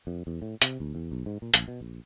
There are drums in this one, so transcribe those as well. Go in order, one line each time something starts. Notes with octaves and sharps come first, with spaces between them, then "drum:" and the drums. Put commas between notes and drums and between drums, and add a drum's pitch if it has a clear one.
F2
E2
A2
C3, drum: hi-hat
D2
E2
B1
G#2
A#2
A#1, drum: hi-hat
B2
A#1